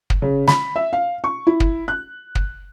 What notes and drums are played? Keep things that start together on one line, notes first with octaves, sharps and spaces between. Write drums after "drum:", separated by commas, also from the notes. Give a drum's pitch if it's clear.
drum: kick
C#3
B5, drum: snare
E5
F5
C#6
E4
drum: kick
F#6
drum: kick